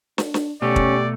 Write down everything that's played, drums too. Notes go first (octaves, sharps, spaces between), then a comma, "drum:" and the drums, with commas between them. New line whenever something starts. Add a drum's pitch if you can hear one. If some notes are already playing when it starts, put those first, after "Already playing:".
D4, drum: snare
drum: snare
B2 A3 C#4 G4 D5
drum: kick